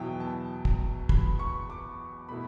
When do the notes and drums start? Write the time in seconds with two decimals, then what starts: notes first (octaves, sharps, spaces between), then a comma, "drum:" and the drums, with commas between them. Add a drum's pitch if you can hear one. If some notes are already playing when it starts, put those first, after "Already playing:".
Already playing: E2 B2 F#3 B3 E4 G5
0.20 A5
0.65 drum: kick
1.09 B5, drum: kick
1.39 C#6
1.70 D6
2.29 B2 A3 E4 B5